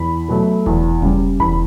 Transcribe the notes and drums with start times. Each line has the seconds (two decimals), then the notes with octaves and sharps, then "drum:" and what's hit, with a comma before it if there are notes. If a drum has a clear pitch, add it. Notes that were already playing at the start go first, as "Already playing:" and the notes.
Already playing: E2 B5
0.28 B2 F#3 A3
0.66 E2, drum: kick E1
1.02 C#3 G3, drum: kick E1
1.40 E2 B5, drum: kick E1